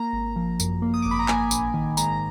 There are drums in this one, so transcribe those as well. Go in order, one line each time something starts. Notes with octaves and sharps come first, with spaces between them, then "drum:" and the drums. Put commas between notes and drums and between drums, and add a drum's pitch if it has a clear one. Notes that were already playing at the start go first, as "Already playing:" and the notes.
Already playing: A#3 A#5
G#1
F3
F#2, drum: tambourine
A#3
D#6
G#1 D6
B5
A#5
A#3 G#5, drum: clap
A#1, drum: tambourine
D#3
G#2 A#5, drum: tambourine